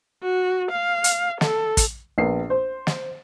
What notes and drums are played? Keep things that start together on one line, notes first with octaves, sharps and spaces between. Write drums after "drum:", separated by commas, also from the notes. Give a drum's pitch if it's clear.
F#4
F5
drum: hi-hat
A4, drum: snare
drum: kick, hi-hat
A#1 B3 A#4 C7
C5
drum: snare